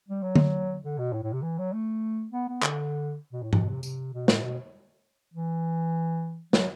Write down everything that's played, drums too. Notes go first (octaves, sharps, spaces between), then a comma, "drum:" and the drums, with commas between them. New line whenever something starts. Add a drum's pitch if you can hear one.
G3
F#3
drum: tom D3
D3
B2
A2
A2
C3
E3
F#3
A3
B3
B3
D3, drum: clap
B2
A2
B2, drum: tom G#2
C3
C3, drum: tambourine
B2
A2, drum: snare
B2
E3
F#3, drum: snare